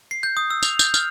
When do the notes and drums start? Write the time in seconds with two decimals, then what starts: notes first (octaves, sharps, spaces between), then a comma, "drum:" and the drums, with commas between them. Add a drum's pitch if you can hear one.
0.11 C7
0.23 G6
0.37 D#6
0.50 E6
0.63 F7, drum: tambourine
0.79 G6, drum: tambourine
0.94 F6, drum: tambourine